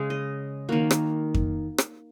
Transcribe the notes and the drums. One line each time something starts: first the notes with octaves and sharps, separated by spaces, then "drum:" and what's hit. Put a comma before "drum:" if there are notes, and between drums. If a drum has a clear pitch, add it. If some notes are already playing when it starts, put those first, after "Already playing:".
Already playing: C#3 G#3
D#5
D#3 A#3 F#4
drum: rim click
drum: kick F2
drum: rim click